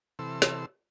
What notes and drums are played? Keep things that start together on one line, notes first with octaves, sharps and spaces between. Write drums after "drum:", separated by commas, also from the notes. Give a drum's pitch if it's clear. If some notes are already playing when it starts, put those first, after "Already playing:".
C3 E3 A4 C6 E6
drum: snare